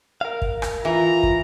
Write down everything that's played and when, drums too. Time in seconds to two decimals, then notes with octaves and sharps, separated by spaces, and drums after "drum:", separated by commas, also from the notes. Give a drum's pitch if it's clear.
0.21 A#4 F5
0.42 drum: kick
0.62 drum: rim click
0.85 E3 F4 A#5
1.23 drum: kick